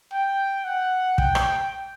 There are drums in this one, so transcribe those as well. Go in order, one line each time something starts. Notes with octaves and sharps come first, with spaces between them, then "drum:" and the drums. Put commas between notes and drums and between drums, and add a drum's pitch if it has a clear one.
G5
F#5
G5, drum: kick
drum: rim click